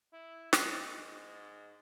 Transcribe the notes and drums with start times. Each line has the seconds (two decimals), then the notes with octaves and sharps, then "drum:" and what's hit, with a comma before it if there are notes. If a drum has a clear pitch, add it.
0.13 E4
0.53 G#2, drum: snare